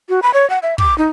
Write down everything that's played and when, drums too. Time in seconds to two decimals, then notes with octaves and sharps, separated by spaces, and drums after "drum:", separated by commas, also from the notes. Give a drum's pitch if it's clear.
0.09 F#4
0.22 B5
0.34 C#5
0.50 F#5
0.62 E5
0.78 D6, drum: kick
0.98 D#4